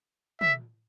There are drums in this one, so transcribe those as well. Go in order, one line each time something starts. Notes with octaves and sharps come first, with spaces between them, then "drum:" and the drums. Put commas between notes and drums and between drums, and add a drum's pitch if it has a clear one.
E5, drum: tom